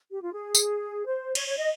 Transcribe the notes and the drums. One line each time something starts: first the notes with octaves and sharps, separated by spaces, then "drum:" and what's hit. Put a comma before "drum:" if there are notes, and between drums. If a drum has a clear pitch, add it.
G4
F4
G#4
drum: tambourine
C5
C#5, drum: cymbal
C#5
D#5